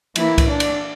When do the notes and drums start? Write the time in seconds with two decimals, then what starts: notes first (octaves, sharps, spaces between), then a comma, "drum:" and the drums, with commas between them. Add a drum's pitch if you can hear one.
0.16 E3 A#3 E4, drum: cymbal
0.38 drum: kick C2, cymbal
0.49 D4
0.60 drum: cymbal